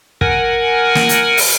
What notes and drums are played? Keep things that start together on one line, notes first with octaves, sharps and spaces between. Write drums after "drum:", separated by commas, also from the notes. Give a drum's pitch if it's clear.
A#4 F#5 G#5, drum: kick
drum: snare
drum: hi-hat
drum: open hi-hat